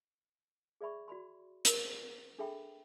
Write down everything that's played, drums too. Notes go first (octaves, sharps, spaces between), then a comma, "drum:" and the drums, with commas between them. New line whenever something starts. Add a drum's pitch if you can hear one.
G#4 D5 E5 B5 C#6
F#4 D5 B5 C6
A#4 D5, drum: hi-hat
D4 G#4 A4 E5 G5 B5